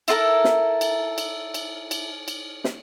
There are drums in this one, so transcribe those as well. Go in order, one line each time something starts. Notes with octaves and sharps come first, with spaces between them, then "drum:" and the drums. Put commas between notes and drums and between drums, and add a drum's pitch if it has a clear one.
E4 F4 A4 A#4, drum: cymbal
drum: snare
drum: cymbal
drum: cymbal
drum: cymbal
drum: cymbal
drum: cymbal
drum: snare